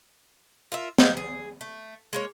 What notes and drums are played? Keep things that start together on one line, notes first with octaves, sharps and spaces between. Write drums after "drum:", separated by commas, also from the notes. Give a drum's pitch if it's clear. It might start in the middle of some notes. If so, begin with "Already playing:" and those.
F4 A#4 E5
A#3 D#4 G#4, drum: snare
G#4
A3
G#3 A#3 C#5